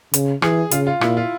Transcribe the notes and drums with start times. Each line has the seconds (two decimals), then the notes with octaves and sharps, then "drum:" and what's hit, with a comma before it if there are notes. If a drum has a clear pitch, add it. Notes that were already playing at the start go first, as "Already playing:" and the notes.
0.14 C#3, drum: hi-hat
0.42 E3 G#4, drum: rim click
0.71 C#3 F4, drum: hi-hat
0.87 F4
1.01 A#2 E4, drum: rim click
1.17 F4